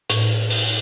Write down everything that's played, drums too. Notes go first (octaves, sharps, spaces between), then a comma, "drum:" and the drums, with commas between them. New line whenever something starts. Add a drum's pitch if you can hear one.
A2, drum: hi-hat
drum: open hi-hat